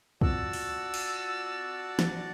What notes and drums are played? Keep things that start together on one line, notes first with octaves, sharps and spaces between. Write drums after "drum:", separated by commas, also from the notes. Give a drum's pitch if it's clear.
C4 F4 F#4 D5 A5 E6, drum: kick
drum: open hi-hat
drum: cymbal
drum: snare